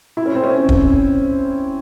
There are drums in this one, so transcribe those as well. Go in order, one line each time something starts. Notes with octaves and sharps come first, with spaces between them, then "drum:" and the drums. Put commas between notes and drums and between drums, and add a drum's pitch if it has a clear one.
E4
C#4
C4
C#4
drum: kick